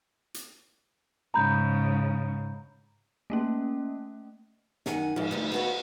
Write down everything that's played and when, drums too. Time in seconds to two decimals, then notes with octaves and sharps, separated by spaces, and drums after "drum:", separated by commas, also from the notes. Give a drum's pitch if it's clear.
0.34 drum: hi-hat
1.34 G#2 C#3 A#5 B5 G6
3.30 A3 A#3 C#4
4.86 F#2 D#3 F#5 G#5, drum: snare
5.16 G#2 F3, drum: cymbal
5.31 D2 G3 D#4
5.52 B3 F#4 B4